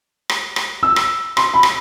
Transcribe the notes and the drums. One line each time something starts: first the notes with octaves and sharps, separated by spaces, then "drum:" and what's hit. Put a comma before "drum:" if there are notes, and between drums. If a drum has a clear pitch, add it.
drum: rim click
drum: rim click
E6
drum: rim click
C6, drum: rim click
B5
drum: rim click